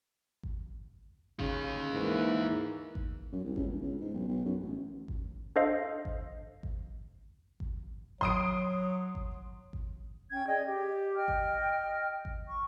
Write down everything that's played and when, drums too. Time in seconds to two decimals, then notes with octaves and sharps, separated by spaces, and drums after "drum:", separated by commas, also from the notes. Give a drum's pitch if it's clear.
0.43 drum: kick G#1
1.39 C#3 D#4 F5, drum: kick G#1
1.92 G#2 E3 A#3
2.95 drum: kick G#1
3.32 F#2
3.45 C2
3.56 C#2, drum: kick G#1
3.68 E1
3.81 C#2
4.01 G#2
4.14 B1
4.28 B1
4.45 F#2
4.63 A1
5.08 drum: kick G#1
5.56 D4 A4 C5 D#5 F5
6.05 drum: kick G#1
6.63 drum: kick G#1
7.60 drum: kick G#1
8.21 F#3 C6 D#6 D7, drum: kick G#1
9.15 drum: kick G#1
9.73 drum: kick G#1
10.31 C#4 G5 G#6
10.47 G#4 D5 D#5 G5
10.65 G4
11.16 D#5 G5 F6
11.28 drum: kick G#1
12.25 drum: kick G#1
12.48 C#6